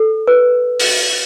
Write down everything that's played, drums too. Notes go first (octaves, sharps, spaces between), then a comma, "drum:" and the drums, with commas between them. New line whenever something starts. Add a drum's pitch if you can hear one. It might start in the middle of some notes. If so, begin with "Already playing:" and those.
Already playing: A4
B4
drum: open hi-hat